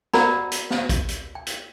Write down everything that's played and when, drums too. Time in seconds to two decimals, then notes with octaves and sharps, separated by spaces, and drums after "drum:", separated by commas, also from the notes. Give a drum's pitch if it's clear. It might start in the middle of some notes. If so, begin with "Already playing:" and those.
0.13 F#4 A#4 D5 F#5 A#5 B5, drum: snare
0.51 drum: hi-hat
0.70 drum: snare
0.89 drum: kick A1, hi-hat
1.08 drum: hi-hat
1.35 G5
1.46 drum: hi-hat